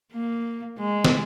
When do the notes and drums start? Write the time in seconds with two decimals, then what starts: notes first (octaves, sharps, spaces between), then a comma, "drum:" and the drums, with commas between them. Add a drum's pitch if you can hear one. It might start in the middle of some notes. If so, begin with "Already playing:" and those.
0.12 A#3
0.78 G#3
1.05 drum: snare